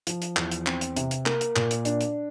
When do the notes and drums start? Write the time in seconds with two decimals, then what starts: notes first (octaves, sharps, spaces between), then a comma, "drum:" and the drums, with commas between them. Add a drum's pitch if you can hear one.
0.07 F3, drum: hi-hat
0.22 drum: hi-hat
0.37 E2, drum: clap
0.51 drum: hi-hat
0.66 C4, drum: clap
0.81 drum: hi-hat
0.96 C3, drum: hi-hat
1.11 drum: hi-hat
1.26 A#3, drum: clap
1.41 drum: hi-hat
1.56 A#2, drum: clap
1.71 drum: hi-hat
1.85 D4, drum: hi-hat
2.01 drum: hi-hat